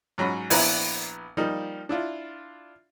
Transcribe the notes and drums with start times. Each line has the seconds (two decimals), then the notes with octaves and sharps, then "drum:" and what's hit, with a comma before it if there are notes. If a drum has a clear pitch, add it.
0.18 G#2 F#3 C#4 B5
0.50 A#1 B3 E4 B4 G#5 A#5, drum: open hi-hat
1.37 F3 G3 A#3 D#4
1.89 D4 E4 F4